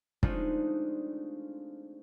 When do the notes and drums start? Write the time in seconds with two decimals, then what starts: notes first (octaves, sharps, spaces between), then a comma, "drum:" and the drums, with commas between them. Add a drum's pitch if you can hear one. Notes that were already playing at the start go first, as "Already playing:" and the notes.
0.23 G#3 A3 C4 D4 D#4 F4, drum: kick